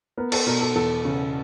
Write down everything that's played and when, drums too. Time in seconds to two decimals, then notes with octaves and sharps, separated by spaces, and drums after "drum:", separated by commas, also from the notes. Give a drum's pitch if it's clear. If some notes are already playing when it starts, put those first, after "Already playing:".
0.17 B3 A#4
0.32 A4, drum: cymbal
0.47 B2 A#4
0.61 A4
0.75 E2 A4
1.05 C#3